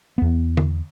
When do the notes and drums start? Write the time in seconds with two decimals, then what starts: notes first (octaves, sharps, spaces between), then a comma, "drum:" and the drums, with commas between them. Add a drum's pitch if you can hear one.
0.18 E2 B3
0.57 drum: tom D3